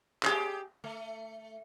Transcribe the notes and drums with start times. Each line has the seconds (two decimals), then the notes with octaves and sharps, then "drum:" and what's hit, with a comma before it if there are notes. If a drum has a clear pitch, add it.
0.23 G4 G#4, drum: clap
0.84 A3